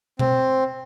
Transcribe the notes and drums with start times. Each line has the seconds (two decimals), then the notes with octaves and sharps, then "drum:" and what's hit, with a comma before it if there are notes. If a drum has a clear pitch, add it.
0.19 C4, drum: tom B2